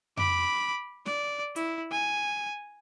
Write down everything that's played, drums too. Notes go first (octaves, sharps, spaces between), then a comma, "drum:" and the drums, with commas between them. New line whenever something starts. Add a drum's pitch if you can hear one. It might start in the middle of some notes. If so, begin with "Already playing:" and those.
B5 D6, drum: tom F2
D5, drum: snare
E4, drum: hi-hat
G#5